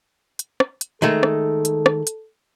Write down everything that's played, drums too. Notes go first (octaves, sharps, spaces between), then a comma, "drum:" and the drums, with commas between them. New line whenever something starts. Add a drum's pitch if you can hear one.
drum: hi-hat
drum: rim click
drum: hi-hat
D#3 G#3 A3 A4
drum: rim click
drum: hi-hat
drum: rim click
drum: hi-hat